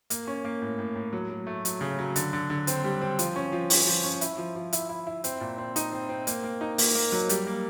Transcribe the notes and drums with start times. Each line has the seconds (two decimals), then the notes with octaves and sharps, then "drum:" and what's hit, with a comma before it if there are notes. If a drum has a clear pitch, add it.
0.10 A#3, drum: hi-hat
0.27 C#4
0.45 A#3
0.62 A2
0.79 A2
0.96 A2
1.13 F#3
1.30 F#3
1.47 A3
1.65 F#3, drum: hi-hat
1.81 C#3
1.99 F#3
2.16 D3, drum: hi-hat
2.33 D3
2.50 D3
2.67 C4, drum: hi-hat
2.84 G3
3.02 C4
3.19 F3, drum: hi-hat
3.36 C#4
3.52 F3
3.70 C#4, drum: open hi-hat
3.87 F3
4.04 C#4
4.21 E4, drum: hi-hat
4.38 F3
4.56 F3
4.73 E4, drum: hi-hat
4.89 E4
5.07 E4
5.24 C4, drum: hi-hat
5.41 A#2
5.58 C4
5.76 D#4, drum: hi-hat
5.92 C4
6.09 C4
6.27 A#3, drum: hi-hat
6.44 A#3
6.61 D#4
6.78 A#3, drum: open hi-hat
6.95 A#3
7.12 F#3
7.29 G3, drum: hi-hat
7.47 A#3